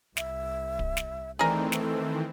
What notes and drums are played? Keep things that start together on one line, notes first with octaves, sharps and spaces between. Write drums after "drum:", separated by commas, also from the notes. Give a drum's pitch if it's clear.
C2 E5, drum: snare
drum: kick D1
drum: snare
D#3 E3 A3 C4 G#4 A#4 D5
A4, drum: snare